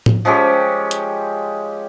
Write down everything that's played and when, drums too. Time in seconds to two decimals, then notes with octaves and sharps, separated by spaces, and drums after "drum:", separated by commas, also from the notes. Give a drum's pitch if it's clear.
0.06 drum: tom A2
0.25 F3 G#3 C#4 G4
0.91 drum: hi-hat